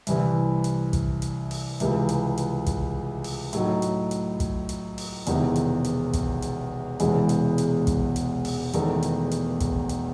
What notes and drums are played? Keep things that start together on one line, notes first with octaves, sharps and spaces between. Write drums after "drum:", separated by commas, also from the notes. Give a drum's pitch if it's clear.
C2 C3 E3, drum: hi-hat
drum: hi-hat
drum: kick, hi-hat
drum: hi-hat
drum: open hi-hat
C#2 C3 E3, drum: hi-hat
drum: hi-hat
drum: hi-hat
drum: kick, hi-hat
drum: open hi-hat
A2 F#3 A3 D#4, drum: hi-hat
drum: hi-hat
drum: hi-hat
drum: kick, hi-hat
drum: hi-hat
drum: open hi-hat
E1 E2 C3 D#3, drum: hi-hat
drum: hi-hat
drum: hi-hat
drum: kick, hi-hat
drum: hi-hat
E1 E2 C3 E3 G#3, drum: hi-hat
drum: hi-hat
drum: hi-hat
drum: kick, hi-hat
drum: hi-hat
drum: open hi-hat
E1 E2 D#3 A3, drum: hi-hat
drum: hi-hat
drum: hi-hat
drum: kick, hi-hat
drum: hi-hat